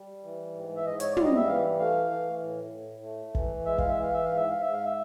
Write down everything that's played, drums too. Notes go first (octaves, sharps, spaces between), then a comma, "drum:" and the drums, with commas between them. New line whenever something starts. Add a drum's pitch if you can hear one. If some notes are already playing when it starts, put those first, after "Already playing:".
Already playing: G3
E3
G#2
E5
G#2 D#5
C#5, drum: hi-hat
D5
G3, drum: tom
D#5
E5
E3 F5
A3 F5
E3
A2
A2
A3
E3, drum: kick
G#3 E5
F5, drum: kick
E5
E3
F5
E5
G#2 F5
E5
F5
G#2 E5
F5
E5